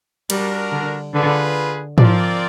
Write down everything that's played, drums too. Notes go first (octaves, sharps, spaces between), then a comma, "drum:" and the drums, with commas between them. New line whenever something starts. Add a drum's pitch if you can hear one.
G3 D4 F#4 A#4, drum: cymbal
D3
D3 F4 G#4 B4
F3 C4 F4 A#4 D5, drum: tom